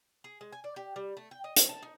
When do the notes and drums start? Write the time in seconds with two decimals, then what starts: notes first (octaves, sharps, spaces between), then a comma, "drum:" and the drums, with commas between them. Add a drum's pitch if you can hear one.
0.24 G#4
0.41 G#3
0.52 G#5
0.64 D5
0.76 G4
0.96 G3
1.17 A3
1.31 G5
1.44 D#5
1.56 A3, drum: hi-hat
1.69 A5
1.82 D#4